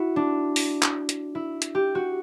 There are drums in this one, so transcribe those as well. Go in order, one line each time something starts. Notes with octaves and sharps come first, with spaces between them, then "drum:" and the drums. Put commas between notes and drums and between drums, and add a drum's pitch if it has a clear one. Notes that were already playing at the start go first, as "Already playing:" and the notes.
Already playing: E4 F#4
D4
drum: open hi-hat
drum: clap
drum: hi-hat
E4
drum: hi-hat
G4
F#4